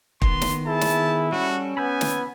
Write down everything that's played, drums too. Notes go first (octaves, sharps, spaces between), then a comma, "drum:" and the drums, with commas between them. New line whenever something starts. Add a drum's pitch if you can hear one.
D#3 B3 C6, drum: kick
drum: snare
E4 G#4 A5
drum: snare
G3 C#4 F#4 A4
B3 G#5 B5 E6 G6
drum: snare